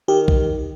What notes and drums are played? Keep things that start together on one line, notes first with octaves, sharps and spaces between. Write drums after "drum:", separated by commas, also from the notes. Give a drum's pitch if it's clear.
D#3 G4
drum: kick B1